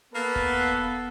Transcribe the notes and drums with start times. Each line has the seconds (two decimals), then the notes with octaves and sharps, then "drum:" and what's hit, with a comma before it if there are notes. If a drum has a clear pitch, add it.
0.15 A#3 B3 A4 B4
0.36 drum: kick E1